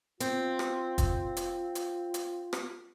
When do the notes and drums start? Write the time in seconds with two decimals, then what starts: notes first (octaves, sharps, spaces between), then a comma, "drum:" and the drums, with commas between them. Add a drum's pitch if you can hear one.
0.20 C4 F4, drum: hi-hat
0.59 drum: rim click
0.98 drum: kick, hi-hat
1.37 drum: hi-hat
1.75 drum: hi-hat
2.14 drum: hi-hat
2.53 drum: rim click